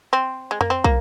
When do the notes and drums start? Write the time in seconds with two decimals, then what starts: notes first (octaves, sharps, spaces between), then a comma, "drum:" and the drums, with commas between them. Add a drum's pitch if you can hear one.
0.13 C4
0.51 G#3
0.61 A#3, drum: tom F2
0.70 C4
0.84 A#3, drum: kick